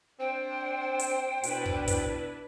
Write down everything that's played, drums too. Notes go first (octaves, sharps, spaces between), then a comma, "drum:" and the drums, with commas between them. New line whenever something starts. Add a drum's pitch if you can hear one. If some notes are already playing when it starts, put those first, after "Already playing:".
C4 D4 C5 G5
drum: hi-hat
B2 D4 E4 B4, drum: hi-hat
drum: kick
drum: kick, hi-hat